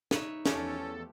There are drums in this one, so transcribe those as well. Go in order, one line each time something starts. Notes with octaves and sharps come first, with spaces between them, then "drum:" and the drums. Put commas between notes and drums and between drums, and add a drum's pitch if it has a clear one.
D#4 B4 C#5 E5, drum: snare
E2 F3 A3 C#4 G4 A4, drum: snare